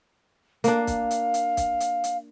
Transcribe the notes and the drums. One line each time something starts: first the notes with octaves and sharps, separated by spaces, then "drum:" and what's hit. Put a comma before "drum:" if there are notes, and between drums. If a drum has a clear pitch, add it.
A#3 D4 F5, drum: hi-hat
drum: kick, hi-hat
drum: hi-hat
drum: hi-hat
drum: kick, hi-hat
drum: hi-hat
drum: hi-hat